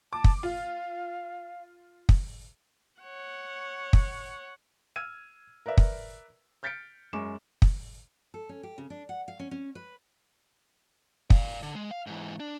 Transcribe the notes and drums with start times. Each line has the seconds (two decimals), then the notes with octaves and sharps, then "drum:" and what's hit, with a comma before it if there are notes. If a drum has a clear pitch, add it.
0.13 A5 D6
0.24 drum: kick
0.43 F4 F5
2.09 drum: kick
3.01 C#5 F#5
3.93 drum: kick
4.96 E6 F6 G#6 D#7
5.66 A#4 B4 D5 E5
5.78 drum: kick
6.63 F6 G6 A6 B6 C#7 D7
7.13 F#2 G#3 C#6 D6 E7
7.62 drum: kick
8.34 A4
8.49 C#4
8.63 G4
8.78 C#3
8.90 D4
9.09 F#5
9.28 F5
9.40 C#4
9.51 C#4
9.75 B4
11.30 D5 F5, drum: kick
11.63 D3
11.75 G#3
11.91 F5
12.07 G#2 E3
12.40 D4